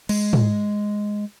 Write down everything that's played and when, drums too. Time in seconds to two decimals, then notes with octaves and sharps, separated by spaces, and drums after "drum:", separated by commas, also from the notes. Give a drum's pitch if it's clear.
0.09 G#3, drum: cymbal
0.33 drum: tom